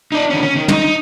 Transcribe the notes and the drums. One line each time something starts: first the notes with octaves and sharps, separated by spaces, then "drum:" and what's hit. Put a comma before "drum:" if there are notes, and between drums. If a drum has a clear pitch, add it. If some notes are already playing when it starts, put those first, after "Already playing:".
D#4 D5
D#3 C#4
C#4
D#3
D#4, drum: tom
D#4